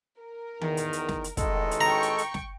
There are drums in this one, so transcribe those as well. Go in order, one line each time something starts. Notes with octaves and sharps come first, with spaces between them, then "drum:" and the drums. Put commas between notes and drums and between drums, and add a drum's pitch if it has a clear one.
A#4
E2 D#3, drum: tom D#3
drum: hi-hat
drum: hi-hat
drum: snare
drum: hi-hat
A1 D#3 G#3 A4, drum: kick, hi-hat
drum: hi-hat
G5 A#5 C#6
drum: hi-hat
drum: hi-hat
drum: snare